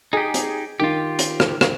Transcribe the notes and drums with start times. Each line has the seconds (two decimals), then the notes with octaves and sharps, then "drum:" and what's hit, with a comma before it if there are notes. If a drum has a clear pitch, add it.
0.13 D#4 G4 G#4
0.34 drum: hi-hat
0.80 D#3 F4 G4
1.19 drum: hi-hat
1.40 drum: rim click
1.61 drum: rim click